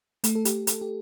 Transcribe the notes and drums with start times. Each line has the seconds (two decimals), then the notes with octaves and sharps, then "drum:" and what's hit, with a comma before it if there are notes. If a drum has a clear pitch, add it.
0.24 A3, drum: hi-hat
0.35 A4
0.45 G4, drum: hi-hat
0.67 A4, drum: hi-hat
0.81 G4